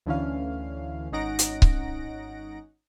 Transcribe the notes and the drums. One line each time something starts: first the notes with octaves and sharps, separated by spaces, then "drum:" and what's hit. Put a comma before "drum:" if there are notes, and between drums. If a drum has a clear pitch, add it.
D2 D3 E3 C#4 F5
G#1 C#4 D#4 F#5 A#6 D7
drum: hi-hat
drum: kick C#1